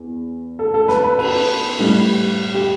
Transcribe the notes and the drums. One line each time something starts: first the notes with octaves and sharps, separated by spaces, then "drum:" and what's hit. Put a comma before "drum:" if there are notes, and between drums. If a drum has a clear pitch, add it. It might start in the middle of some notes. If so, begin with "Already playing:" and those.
Already playing: E2
A4
A4
B4, drum: snare
B4
B4, drum: cymbal
A2 G3
G4